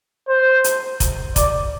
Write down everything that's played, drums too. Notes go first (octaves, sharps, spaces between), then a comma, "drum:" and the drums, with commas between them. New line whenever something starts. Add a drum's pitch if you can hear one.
C5
drum: hi-hat
drum: kick F1, hi-hat
D5, drum: kick F1, hi-hat